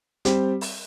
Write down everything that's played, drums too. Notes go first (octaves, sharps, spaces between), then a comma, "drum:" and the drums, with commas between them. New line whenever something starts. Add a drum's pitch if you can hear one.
G3 C4 G4, drum: hi-hat
drum: open hi-hat